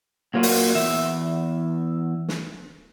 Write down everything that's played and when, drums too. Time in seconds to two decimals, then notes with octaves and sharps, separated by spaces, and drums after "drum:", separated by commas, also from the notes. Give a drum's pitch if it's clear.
0.34 A#2 F#3 A#3 F4 F#4
0.43 drum: open hi-hat
0.75 E2 E5
2.28 drum: snare